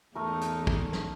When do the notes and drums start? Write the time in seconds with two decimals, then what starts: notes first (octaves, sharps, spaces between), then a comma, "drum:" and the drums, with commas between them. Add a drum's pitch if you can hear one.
0.15 E2 G#2 A3 D#4 A#4
0.41 drum: hi-hat
0.67 drum: kick
0.93 drum: snare